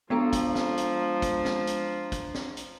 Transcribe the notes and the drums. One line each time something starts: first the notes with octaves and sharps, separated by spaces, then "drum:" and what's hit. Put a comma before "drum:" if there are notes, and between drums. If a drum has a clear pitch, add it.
F3 G#3 B3 D4 A4 A#5
drum: kick, hi-hat
drum: snare
drum: hi-hat
drum: kick, hi-hat
drum: snare
drum: hi-hat
drum: kick, hi-hat
drum: snare
drum: hi-hat